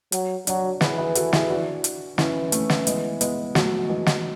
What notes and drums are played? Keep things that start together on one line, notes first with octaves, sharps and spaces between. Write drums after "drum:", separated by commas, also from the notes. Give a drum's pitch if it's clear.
F#3, drum: hi-hat
F#3 D4 F#4, drum: hi-hat
E3 G#4 B4, drum: snare
G#4 B4
F#4 A4, drum: hi-hat
E4 G#4, drum: snare
D4 F#4
drum: hi-hat
E3 C#4 E4, drum: snare
A3 C#4, drum: hi-hat
drum: snare
G#3 B3, drum: hi-hat
G#3 B3, drum: hi-hat
F#3 A3, drum: snare
E3 G#3
drum: snare